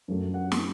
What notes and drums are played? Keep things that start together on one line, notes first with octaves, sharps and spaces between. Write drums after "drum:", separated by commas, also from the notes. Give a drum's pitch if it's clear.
F#2 F#3 A3
F#5
drum: snare